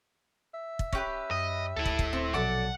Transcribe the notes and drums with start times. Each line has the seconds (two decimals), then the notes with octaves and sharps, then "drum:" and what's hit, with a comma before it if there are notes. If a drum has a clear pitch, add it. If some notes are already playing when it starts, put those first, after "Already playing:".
0.54 E5
0.79 drum: kick
0.93 C#4 G4 B4, drum: kick
1.31 F#2 D#5
1.76 D2 E4 A4
1.86 drum: kick
1.99 drum: kick
2.13 C4
2.34 A#1 B2 F#3 A4 D5 F#5 D6